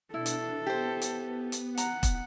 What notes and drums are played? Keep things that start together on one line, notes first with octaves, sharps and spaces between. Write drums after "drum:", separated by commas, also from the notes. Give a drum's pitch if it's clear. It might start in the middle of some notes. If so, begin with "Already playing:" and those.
B2 D4 E4 A4
drum: hi-hat
B3 G4 C5
drum: hi-hat
drum: hi-hat
F#5 A#5, drum: hi-hat
drum: kick E1, hi-hat